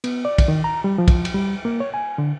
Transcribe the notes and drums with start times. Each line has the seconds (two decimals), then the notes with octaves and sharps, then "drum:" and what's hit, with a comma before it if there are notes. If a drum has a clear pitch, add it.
0.04 B3, drum: cymbal
0.25 D5
0.38 drum: kick, cymbal
0.48 D#3
0.64 A#5
0.84 G3
0.98 F3
1.08 drum: kick, cymbal
1.25 drum: cymbal
1.34 G3
1.65 A#3
1.80 C#5
1.94 G#5
2.18 D3